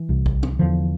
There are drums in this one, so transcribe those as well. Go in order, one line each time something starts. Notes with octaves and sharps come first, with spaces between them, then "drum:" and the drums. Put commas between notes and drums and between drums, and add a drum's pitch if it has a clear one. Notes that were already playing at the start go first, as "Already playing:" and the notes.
Already playing: E3
C2 C3
drum: kick A#1
drum: tom
E2 D3 F3